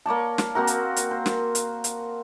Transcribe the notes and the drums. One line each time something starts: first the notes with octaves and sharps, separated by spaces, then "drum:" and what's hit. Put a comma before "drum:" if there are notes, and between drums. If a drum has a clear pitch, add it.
A#3 C#5 D5 A5
drum: snare
A#3 C4 F#4 A#4
drum: hi-hat
drum: hi-hat
C5
drum: snare
drum: hi-hat
drum: hi-hat